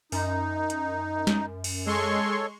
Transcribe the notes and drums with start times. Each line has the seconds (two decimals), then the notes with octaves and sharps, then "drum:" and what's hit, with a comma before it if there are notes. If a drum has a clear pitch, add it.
0.12 F#2 D#4, drum: open hi-hat
0.70 drum: hi-hat
1.27 drum: snare
1.64 drum: cymbal
1.86 G#3 A4 C#5 C6 C#6